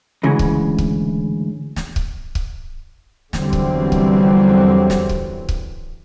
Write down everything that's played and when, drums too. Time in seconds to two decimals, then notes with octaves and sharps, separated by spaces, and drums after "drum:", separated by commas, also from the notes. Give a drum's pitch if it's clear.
0.23 D2 G#2 C#3 E3
0.39 drum: kick C#1
0.78 drum: kick C#1
1.76 drum: snare
1.96 drum: kick C#1
2.35 drum: kick C#1
3.33 E2 D3 E3 F#3 G3 C4, drum: snare
3.53 drum: kick C#1
3.92 drum: kick C#1
4.90 drum: snare
5.09 drum: kick C#1
5.49 drum: kick C#1